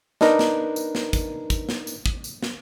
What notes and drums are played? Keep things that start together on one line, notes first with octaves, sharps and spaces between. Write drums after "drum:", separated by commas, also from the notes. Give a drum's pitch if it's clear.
D4 D#4 A#4 B4 A#5, drum: snare
drum: snare
drum: tambourine
drum: snare
drum: kick, tambourine
drum: kick, tambourine
drum: snare
drum: tambourine
drum: kick
drum: tambourine
drum: snare